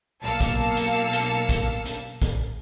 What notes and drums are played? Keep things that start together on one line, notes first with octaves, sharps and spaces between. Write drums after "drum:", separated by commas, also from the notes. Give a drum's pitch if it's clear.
B1 A#3 F5 A5 E6 C#7
drum: kick, hi-hat
drum: hi-hat
drum: hi-hat
drum: kick, hi-hat
drum: hi-hat
drum: kick, hi-hat